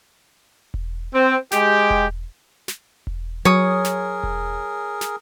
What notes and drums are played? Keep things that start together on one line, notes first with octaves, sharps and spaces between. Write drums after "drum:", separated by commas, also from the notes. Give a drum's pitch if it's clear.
drum: kick E1
C4
G#3 G4, drum: snare
drum: kick E1
drum: snare
drum: kick E1
F#3 G#4 A#4 C#5 D#6
drum: snare
drum: kick E1
drum: snare